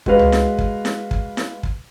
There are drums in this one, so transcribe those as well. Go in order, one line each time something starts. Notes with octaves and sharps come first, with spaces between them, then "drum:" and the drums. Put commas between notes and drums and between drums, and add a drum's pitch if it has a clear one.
G#3 F#4 B4 F5, drum: kick
drum: tom C#2
drum: snare E4
drum: kick
drum: snare E4
drum: kick
drum: snare E4
drum: kick